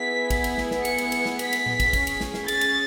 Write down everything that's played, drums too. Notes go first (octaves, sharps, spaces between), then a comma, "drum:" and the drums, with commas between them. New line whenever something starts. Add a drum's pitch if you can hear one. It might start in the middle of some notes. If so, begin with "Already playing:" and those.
Already playing: B3 E4 G#4 B6
drum: kick, cymbal
drum: cymbal
drum: snare
drum: snare
C#7, drum: cymbal
drum: cymbal
drum: cymbal
drum: snare
B6, drum: cymbal
drum: cymbal
drum: tom A#2
drum: kick, cymbal
C#4 G#4, drum: kick, cymbal
drum: cymbal
drum: snare
drum: snare
A6, drum: cymbal
drum: cymbal